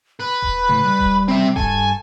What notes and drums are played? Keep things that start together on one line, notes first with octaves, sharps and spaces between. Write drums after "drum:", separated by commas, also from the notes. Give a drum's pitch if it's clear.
B4 B5
drum: kick D#1
A2 C#3
G3
drum: kick D#1
C4 E5
G2 A4 G#5 A5, drum: kick D#1